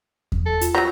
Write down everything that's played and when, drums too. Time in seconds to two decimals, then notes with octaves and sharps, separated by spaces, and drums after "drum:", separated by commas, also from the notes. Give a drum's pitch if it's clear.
0.32 drum: kick E2
0.46 A4
0.61 F4, drum: hi-hat
0.75 F#3 G3 A#5